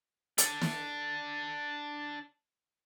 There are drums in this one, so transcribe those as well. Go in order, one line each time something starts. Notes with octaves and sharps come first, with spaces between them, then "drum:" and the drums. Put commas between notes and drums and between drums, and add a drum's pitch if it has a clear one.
D4 A4, drum: hi-hat
drum: snare